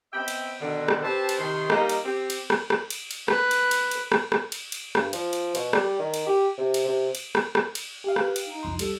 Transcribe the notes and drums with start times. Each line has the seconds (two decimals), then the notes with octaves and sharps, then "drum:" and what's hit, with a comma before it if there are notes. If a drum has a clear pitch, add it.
0.12 B3 C4 D#5 E5 G5 B5
0.28 drum: cymbal
0.60 B2 D3 D#3
0.88 drum: rim click
1.02 C4 G4 B4 C5 A5
1.29 drum: cymbal
1.39 C3 D#3 C6
1.70 G3 A#3 D#4, drum: rim click
1.89 drum: cymbal
2.04 C4 G4
2.30 drum: cymbal
2.50 drum: rim click
2.70 drum: rim click
2.90 drum: cymbal
3.11 drum: cymbal
3.28 B4, drum: rim click
3.51 drum: cymbal
3.71 drum: cymbal
3.91 drum: cymbal
4.12 drum: rim click
4.32 drum: rim click
4.52 drum: cymbal
4.72 drum: cymbal
4.95 G2, drum: rim click
5.13 F3, drum: cymbal
5.33 drum: cymbal
5.55 B2, drum: cymbal
5.73 G3, drum: rim click
5.99 D#3
6.14 drum: cymbal
6.26 G4
6.58 C3
6.74 drum: cymbal
6.86 C3
7.15 drum: cymbal
7.35 drum: rim click
7.55 drum: rim click
7.75 drum: cymbal
8.04 G4 F5
8.16 B4, drum: rim click
8.36 drum: cymbal
8.47 D#4
8.63 C2 F2 C6
8.79 G3 A4, drum: cymbal